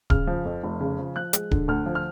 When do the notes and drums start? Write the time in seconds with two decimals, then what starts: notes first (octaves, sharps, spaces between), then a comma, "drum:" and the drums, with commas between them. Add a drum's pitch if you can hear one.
0.10 C#3 F6, drum: kick D1
0.27 F3
0.45 F2
0.63 F1
0.80 C#3
0.99 F3
1.16 F3 F#6
1.33 G#3, drum: hi-hat
1.51 D3, drum: kick D1
1.68 D2 F6
1.86 F3
1.95 F6